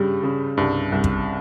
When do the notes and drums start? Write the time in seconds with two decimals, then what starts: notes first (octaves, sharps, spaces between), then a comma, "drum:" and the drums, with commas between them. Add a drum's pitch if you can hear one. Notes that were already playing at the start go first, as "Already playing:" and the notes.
Already playing: G2 C#3 G3
0.23 C#3
0.57 C2 G2
0.92 C2
1.04 drum: kick